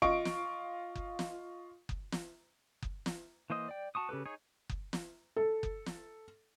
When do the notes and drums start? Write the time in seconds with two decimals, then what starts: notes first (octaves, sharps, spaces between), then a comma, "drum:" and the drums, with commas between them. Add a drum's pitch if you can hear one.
0.02 F4 D#5 C#6 D7, drum: kick F#1
0.25 drum: snare
0.95 drum: kick F#1
1.19 drum: snare
1.89 drum: kick F#1
2.12 drum: snare
2.82 drum: kick F#1
3.06 drum: snare
3.50 E3 A#3 C5 D#5 D#6
3.68 D5 G5
3.95 F#4 A5 C#6 D#6
4.09 C#3 G4 A4 B4
4.26 D#4 G#4 C#5
4.69 drum: kick F#1
4.93 drum: snare
5.36 A4
5.63 drum: kick F#1
5.86 drum: snare